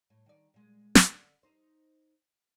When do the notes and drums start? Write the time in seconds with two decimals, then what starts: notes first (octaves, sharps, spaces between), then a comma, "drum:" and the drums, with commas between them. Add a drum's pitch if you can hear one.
0.10 A2
0.26 D#3 D5
0.54 A#2 G#3
0.95 drum: snare
1.14 D3
1.43 D#4 C5